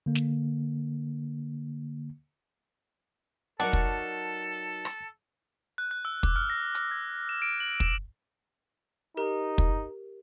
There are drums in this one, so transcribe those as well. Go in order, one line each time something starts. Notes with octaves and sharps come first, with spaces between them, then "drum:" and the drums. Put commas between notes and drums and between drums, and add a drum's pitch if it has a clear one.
D3 A#3
drum: snare
F#3 D#4 A4 A#4 D5 F#5 A5 C#6
drum: kick
drum: rim click
F#6
F#6
E6
D6, drum: kick
F6
A#6
F6, drum: hi-hat
G#6
E7
D7
F#7
E7, drum: kick
D#4 G4 A#4
drum: kick